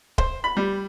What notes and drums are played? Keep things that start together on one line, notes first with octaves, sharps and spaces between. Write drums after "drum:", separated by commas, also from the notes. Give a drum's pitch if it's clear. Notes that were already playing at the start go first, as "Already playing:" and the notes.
C5, drum: kick
B5
G3